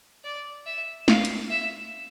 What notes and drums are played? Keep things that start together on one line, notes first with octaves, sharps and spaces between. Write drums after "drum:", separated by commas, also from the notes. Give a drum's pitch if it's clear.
D5
E5
F5, drum: snare
drum: hi-hat
E5